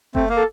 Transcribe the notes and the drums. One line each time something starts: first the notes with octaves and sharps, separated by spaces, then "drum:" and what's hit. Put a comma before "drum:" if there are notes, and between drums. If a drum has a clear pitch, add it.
A3 C4, drum: kick F#1
A#3
A4